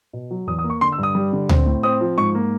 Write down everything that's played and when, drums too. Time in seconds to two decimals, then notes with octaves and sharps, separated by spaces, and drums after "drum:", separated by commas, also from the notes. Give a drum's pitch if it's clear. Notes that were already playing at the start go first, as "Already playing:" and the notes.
0.13 B2
0.31 F#3
0.47 E2 D#6
0.59 D#6
0.64 A#3
0.70 C#6
0.81 D3 C6
0.92 E6
0.98 G2
1.03 D#6
1.15 G3
1.33 D3
1.49 C4, drum: tom D2
1.66 A2
1.83 C4 D#6
2.01 F3
2.18 G#2 C#6
2.35 A#3